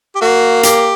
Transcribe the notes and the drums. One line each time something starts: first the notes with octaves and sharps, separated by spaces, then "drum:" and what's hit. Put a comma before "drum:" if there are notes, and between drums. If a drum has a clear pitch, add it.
G4
A#3 F#4
G4, drum: hi-hat